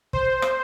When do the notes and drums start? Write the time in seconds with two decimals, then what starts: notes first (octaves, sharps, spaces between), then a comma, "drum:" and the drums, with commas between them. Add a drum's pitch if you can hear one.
0.13 C5, drum: kick
0.42 drum: rim click